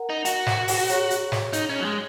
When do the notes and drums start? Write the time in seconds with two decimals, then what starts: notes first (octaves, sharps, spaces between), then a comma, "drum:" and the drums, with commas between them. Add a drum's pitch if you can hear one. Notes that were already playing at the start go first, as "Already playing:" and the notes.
Already playing: A#4 F#5 A#5
0.10 D#4
0.25 F#4, drum: hi-hat
0.46 drum: snare
0.68 drum: open hi-hat
0.89 G#4 C#5 A#5 C#6, drum: hi-hat
1.10 drum: hi-hat
1.32 drum: snare
1.53 D#4, drum: hi-hat
1.70 C#4
1.80 F#3
1.85 G#3